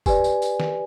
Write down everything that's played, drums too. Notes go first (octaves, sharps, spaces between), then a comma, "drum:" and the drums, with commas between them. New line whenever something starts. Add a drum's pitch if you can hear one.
G4 B4 D5 G#5, drum: kick, tambourine
drum: tambourine
drum: tambourine
drum: snare